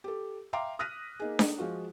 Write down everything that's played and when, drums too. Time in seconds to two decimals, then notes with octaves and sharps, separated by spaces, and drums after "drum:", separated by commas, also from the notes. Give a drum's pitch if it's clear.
0.04 G4 A4
0.53 E5 F5 G5 A#5 C6 D6
0.79 D#6 F6 F#6 A#6 B6 D#7
1.20 A#3 D#4 G#4
1.39 drum: snare D4
1.58 F3 G#3 F4 F#4